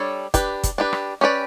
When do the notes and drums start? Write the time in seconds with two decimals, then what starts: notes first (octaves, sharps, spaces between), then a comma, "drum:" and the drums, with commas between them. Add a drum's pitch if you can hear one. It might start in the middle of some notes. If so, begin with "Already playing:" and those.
Already playing: G3 D4 A4 C#5
0.34 D4 G4 B4, drum: kick, hi-hat
0.64 drum: kick, hi-hat
0.78 D4 G4 B4
0.93 drum: rim click
1.21 C#4 G4 B4 D5